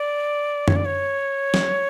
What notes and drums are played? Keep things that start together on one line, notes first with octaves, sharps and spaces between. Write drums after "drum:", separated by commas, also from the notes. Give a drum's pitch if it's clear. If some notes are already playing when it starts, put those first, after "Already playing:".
Already playing: D5
C#5, drum: tom F#2
D5
C#5
drum: snare